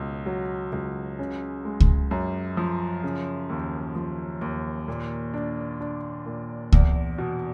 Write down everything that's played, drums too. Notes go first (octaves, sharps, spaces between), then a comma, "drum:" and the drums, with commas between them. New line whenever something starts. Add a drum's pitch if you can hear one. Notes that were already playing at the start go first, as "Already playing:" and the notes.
Already playing: C#2 B2
F#3
C#2
C#3
G#3
drum: kick C#2
F#2
F3
C#3
D#2
F3
D#2
A#2
D4
D4
A#2
E2, drum: kick C#2
B2